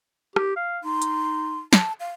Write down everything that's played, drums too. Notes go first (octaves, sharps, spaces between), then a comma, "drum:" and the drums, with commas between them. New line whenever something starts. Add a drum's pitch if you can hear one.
G4, drum: rim click
F5
D#4 C6
drum: hi-hat
A5, drum: snare
F5